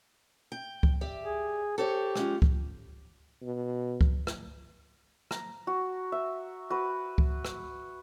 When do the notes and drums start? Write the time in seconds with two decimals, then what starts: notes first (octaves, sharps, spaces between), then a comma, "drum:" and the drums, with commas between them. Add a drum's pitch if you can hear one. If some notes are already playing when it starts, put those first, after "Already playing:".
0.52 G5
0.83 drum: kick C#2
1.01 G4 D5 E5
1.23 G#4
1.78 G4 A4 C5 C#5
2.15 G#3 C#4 F4, drum: rim click
2.42 drum: kick C#2
3.42 B2
4.01 drum: kick C#2
4.27 drum: rim click
5.31 A#5, drum: rim click
5.67 F#4
6.12 E5
6.70 F#4 B4
7.18 drum: kick C#2
7.45 drum: rim click